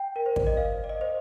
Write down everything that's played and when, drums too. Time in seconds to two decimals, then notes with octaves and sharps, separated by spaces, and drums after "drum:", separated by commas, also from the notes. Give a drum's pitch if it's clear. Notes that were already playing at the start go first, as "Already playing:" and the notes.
Already playing: G5
0.16 A#4
0.26 C5
0.36 D5, drum: kick
0.47 D#5
0.57 F5
0.84 D5
0.89 D#5
1.01 C5